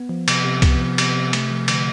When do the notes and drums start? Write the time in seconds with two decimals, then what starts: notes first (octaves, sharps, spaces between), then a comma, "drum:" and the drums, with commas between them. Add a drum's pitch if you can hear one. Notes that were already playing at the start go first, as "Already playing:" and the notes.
Already playing: B3
0.09 F3
0.28 C3, drum: cymbal
0.45 C3
0.62 B3, drum: kick, cymbal
0.80 F3
0.98 C3, drum: cymbal
1.15 C3
1.33 A3, drum: cymbal
1.51 F3
1.68 D3, drum: cymbal